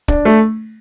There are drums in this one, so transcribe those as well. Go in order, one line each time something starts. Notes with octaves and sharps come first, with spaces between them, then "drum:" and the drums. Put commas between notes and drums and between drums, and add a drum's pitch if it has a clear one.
D4, drum: kick
A3